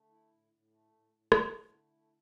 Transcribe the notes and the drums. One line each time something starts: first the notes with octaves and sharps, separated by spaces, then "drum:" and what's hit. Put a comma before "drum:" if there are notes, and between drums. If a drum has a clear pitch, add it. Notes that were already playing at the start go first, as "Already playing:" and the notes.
Already playing: D3 A3
E4
A2
A2
A3
A2
A2
A2 D3, drum: rim click
A3
D3 E4
A3